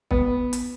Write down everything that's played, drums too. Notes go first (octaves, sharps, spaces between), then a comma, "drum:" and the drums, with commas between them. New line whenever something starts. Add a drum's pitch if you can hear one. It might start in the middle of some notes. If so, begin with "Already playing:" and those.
B3, drum: kick
drum: hi-hat